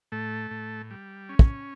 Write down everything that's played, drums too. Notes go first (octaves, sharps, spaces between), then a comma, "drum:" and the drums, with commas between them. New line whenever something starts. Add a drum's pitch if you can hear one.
A2 A3 A4
A2
G3
C#4
drum: kick